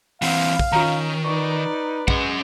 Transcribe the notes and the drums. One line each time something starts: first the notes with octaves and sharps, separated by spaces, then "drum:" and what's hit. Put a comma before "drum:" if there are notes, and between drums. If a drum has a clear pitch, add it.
E3 C4 F5 F#5, drum: open hi-hat
drum: kick
D#3 C#4 F4 A#5
D#4 B4 D5 C#6
G#3 C#4 F#5, drum: kick